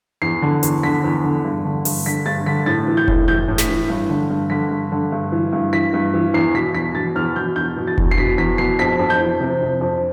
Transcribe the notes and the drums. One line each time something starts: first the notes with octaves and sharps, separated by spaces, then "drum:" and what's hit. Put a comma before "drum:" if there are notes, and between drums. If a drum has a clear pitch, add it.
E2 C7
D3
E2, drum: hi-hat
D3 B6
E2
D3
G2
D3
G2, drum: open hi-hat
D3 B6
G2 A6
D3 B6
A2 A6
E3
G6
A2, drum: kick F1
E3 G6
A2
B6, drum: snare
E3
G2
D3
G2
D3 B6
G2
D3
G2
E3
G2
E3 B6
G2
E3
E2 C7
B2 B6
E2 B6
B2 A6
E2 F6
B2 G6
E2 G6
B2
A6
E2, drum: kick F1
C7
B2 B6
E2 B6
B2 C7
F2 B6
F2
G6
E3
C3
F2
F2